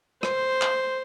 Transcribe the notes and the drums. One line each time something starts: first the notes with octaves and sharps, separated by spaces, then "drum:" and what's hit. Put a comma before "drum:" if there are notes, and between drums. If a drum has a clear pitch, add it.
C5, drum: rim click
drum: clap